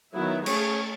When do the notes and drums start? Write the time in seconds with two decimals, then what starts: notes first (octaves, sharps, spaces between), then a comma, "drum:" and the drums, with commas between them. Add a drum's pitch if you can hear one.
0.13 D#3 F#3 B3 E4
0.46 A3 C#4 G#4 C#5, drum: cymbal